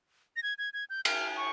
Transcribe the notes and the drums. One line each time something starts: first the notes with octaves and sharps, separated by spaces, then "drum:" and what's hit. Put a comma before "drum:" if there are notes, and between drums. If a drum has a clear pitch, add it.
A#6
G#6
G#6
G#6
G6
F6, drum: cymbal
C#6